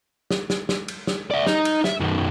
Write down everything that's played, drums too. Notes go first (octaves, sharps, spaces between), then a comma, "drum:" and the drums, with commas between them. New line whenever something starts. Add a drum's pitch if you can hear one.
drum: snare
drum: snare
drum: snare
drum: cymbal
drum: snare
D5 E5
D#4 D#5, drum: snare
drum: cymbal
E5, drum: snare
F#2 D#3